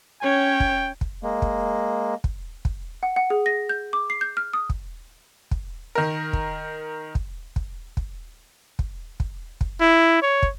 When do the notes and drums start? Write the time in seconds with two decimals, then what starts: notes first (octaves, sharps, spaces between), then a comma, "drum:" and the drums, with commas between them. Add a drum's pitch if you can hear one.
0.23 C#4 C#5 G5
0.60 drum: kick
1.01 drum: kick
1.23 G#3 A#3
1.42 drum: kick
2.24 drum: kick
2.65 drum: kick
3.03 F#5
3.16 F#5
3.30 G#4
3.46 A#6
3.69 G6
3.93 D6
4.10 C7
4.21 G6
4.37 F6
4.53 D#6
4.70 drum: kick
5.51 drum: kick
5.95 D#3 A#4
6.33 drum: kick
7.15 drum: kick
7.56 drum: kick
7.97 drum: kick
8.79 drum: kick
9.20 drum: kick
9.61 drum: kick
9.81 E4
10.22 C#5
10.43 drum: kick